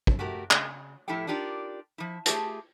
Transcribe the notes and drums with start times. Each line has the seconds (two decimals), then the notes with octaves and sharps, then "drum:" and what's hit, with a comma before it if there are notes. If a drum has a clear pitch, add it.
0.07 drum: kick
0.19 A3 F#4 G4 A#4
0.51 C#3, drum: clap
1.08 A2 F3 E4 G4 A4 G5
1.27 D4 D#4 F4 G4 A#4 D5
1.98 F3 E4
2.26 A3 F4 G4 G#4 A5, drum: hi-hat